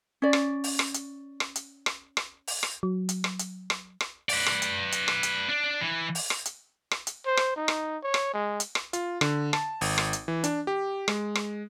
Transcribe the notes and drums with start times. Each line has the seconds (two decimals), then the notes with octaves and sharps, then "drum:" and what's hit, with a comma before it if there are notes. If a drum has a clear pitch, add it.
0.22 C#4 D5
0.33 drum: rim click
0.64 drum: open hi-hat
0.79 drum: rim click
0.94 drum: hi-hat
1.40 drum: rim click
1.56 drum: hi-hat
1.86 drum: rim click
2.17 drum: rim click
2.47 drum: open hi-hat
2.63 drum: rim click
2.83 F#3
3.09 drum: hi-hat
3.24 drum: rim click
3.39 drum: hi-hat
3.70 drum: rim click
4.01 drum: rim click
4.29 B4 D5, drum: open hi-hat
4.46 drum: rim click
4.62 drum: hi-hat
4.92 drum: hi-hat
5.08 drum: rim click
5.23 drum: hi-hat
5.49 D4
5.81 E3
6.15 drum: open hi-hat
6.30 drum: rim click
6.45 drum: hi-hat
6.91 drum: rim click
7.07 drum: hi-hat
7.26 C5
7.37 drum: rim click
7.56 D#4
7.68 drum: rim click
8.03 C#5
8.14 drum: rim click
8.34 G#3
8.60 drum: hi-hat
8.75 drum: rim click
8.93 F4, drum: hi-hat
9.21 D3, drum: rim click
9.53 A5, drum: rim click
9.81 G#1, drum: open hi-hat
9.98 drum: rim click
10.13 drum: hi-hat
10.28 E3
10.44 D4, drum: hi-hat
10.67 G4
11.08 G#3, drum: rim click
11.35 drum: rim click